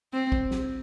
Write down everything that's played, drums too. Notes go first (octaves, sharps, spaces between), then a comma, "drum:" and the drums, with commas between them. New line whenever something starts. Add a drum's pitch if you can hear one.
C4
drum: kick
drum: snare